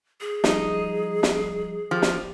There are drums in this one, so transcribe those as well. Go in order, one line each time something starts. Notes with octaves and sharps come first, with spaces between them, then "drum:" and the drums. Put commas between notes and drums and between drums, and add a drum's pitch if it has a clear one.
G#4
F3 G3 D#4, drum: snare
drum: snare
F3 G4
drum: snare